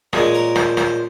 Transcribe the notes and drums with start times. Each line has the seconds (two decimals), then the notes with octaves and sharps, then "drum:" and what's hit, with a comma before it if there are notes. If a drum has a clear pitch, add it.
0.13 A#2 G#3 C#4 G#4, drum: rim click
0.34 A#4
0.56 C5, drum: rim click
0.77 C5, drum: rim click